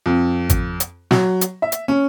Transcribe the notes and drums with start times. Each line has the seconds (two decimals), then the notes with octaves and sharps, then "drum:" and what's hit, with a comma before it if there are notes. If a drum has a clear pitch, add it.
0.06 F2
0.49 drum: kick G#1, hi-hat
0.80 drum: hi-hat
1.11 F#3, drum: snare
1.41 drum: hi-hat
1.62 E5
1.72 drum: hi-hat
1.88 C#4